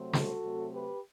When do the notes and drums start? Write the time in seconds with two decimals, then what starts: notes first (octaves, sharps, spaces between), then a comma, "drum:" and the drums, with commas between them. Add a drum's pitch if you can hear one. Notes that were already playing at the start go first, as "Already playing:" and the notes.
Already playing: C3 F#3 A3 C4
0.13 F#4 A4, drum: snare
0.43 C3 F#3 A3 C4
0.72 G4 B4